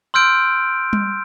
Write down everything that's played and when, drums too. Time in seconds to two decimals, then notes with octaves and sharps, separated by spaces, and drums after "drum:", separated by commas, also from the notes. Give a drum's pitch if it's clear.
0.14 C6 E6 F6 G6 D7
0.93 drum: tom G3